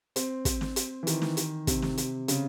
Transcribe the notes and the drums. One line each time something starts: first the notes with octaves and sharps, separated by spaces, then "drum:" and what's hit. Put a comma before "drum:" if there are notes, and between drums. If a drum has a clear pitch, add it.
C4, drum: hi-hat
C4, drum: kick, hi-hat
drum: snare
drum: hi-hat
E3
D#3, drum: hi-hat
drum: snare
drum: hi-hat
C3, drum: kick, hi-hat
drum: snare
drum: hi-hat
C#3, drum: hi-hat